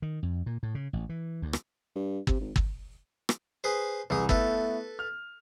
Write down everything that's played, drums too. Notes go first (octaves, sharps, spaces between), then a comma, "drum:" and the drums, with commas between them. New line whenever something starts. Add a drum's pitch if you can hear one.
D#3
F2
A#2
A2
C#3
A1
E3
D2
drum: rim click
G2
C3, drum: kick
G#1
drum: kick
drum: rim click
G#4 B4 C5
C2 E3 G#4
A3 B3 E4 A4 B4, drum: kick
F6